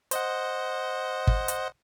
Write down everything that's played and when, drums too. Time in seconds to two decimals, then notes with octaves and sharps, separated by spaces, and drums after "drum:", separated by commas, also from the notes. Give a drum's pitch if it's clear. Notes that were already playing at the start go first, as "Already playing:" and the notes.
0.11 C5 D#5 F#5, drum: hi-hat
1.27 drum: kick
1.48 drum: hi-hat